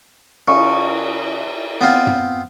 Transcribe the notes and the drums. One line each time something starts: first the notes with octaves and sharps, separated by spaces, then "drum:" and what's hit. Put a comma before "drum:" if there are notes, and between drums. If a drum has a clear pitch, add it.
C#3 C#6, drum: cymbal
B3 C4 F4
drum: tom